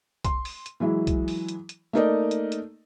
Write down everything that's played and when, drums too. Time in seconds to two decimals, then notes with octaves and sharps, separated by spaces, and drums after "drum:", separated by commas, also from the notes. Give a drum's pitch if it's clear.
0.24 C6, drum: kick B1, hi-hat
0.45 drum: open hi-hat
0.66 drum: hi-hat
0.80 E3 F#3 G#3 E4
1.07 drum: kick B1, hi-hat
1.28 drum: open hi-hat
1.49 drum: hi-hat
1.69 drum: hi-hat
1.93 A3 A#3 D#4 A#4 D5 D#5
2.31 drum: hi-hat
2.52 drum: hi-hat